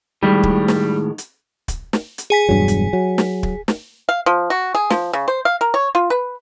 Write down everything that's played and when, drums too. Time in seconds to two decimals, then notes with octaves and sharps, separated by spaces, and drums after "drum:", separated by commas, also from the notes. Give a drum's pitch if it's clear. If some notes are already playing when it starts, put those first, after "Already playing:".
0.23 A2 D#3 G3 G#3
0.43 drum: kick
0.68 drum: snare
1.18 drum: hi-hat
1.68 drum: kick, hi-hat
1.93 drum: snare
2.18 drum: hi-hat
2.30 G#4 G#5 B6
2.49 E1 G2 F#3
2.68 drum: hi-hat
2.93 F#3
3.18 drum: snare
3.43 drum: kick
3.68 drum: snare
4.09 F5
4.26 F3
4.50 F#4
4.75 G#4
4.90 F3, drum: snare
5.13 C#3
5.28 C5
5.45 F5
5.61 A#4
5.74 C#5
5.95 F4
6.10 B4